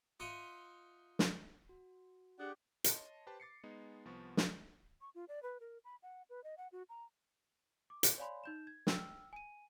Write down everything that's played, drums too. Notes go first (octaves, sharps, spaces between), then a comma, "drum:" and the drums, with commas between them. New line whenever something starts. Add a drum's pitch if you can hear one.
D#4 F4 E5 F#5 C6 D#6
drum: snare
F#4
D4 G4 G#4 F#5 D#6
C#5 D#5 A5 C6, drum: hi-hat
G4 B4 C5 A5
D6 A6 C7 C#7
G#3 B3 D#4
C2 F3 B3 C#6
drum: snare
C#6
F4
D5
B4
A#4
B5
F#5
B4
D#5
F#5
F#4
A#5
D6
drum: hi-hat
C#5 D5 F5 G#5 B5 C6
D#4 G6 E7
G#6
G5 E6 F6, drum: snare
G#5 D#7